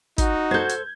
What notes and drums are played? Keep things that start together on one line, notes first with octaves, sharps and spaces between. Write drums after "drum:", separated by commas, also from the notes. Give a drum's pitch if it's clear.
D#4 F#4, drum: kick, hi-hat
A4 C5 G6 G#6
drum: hi-hat